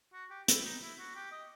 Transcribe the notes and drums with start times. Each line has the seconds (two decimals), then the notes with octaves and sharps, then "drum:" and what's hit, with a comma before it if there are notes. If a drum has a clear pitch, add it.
0.13 F#4
0.30 G4
0.48 E4, drum: hi-hat
0.64 D#4
0.82 E4
0.99 F#4
1.16 G4
1.32 D#5